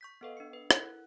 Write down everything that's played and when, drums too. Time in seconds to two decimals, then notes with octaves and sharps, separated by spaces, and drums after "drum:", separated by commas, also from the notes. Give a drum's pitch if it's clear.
0.01 C#6 G6 B6
0.21 B3 A4 B4 D#5 F5 F#5
0.37 D4 C#7
0.53 B4
0.71 E4 A4 A#4 F#5 F#6, drum: rim click